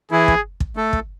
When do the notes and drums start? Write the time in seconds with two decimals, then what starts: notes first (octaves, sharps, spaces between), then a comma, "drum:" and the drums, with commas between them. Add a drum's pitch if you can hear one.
0.11 E3 E4 G#4
0.28 drum: kick
0.60 drum: kick
0.76 A3 A4
0.93 drum: kick